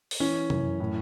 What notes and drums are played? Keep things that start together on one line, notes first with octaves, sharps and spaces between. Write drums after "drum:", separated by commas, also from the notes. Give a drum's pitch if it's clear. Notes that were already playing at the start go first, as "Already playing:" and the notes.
drum: open hi-hat
E3 C#4
F#2, drum: tom C3
A2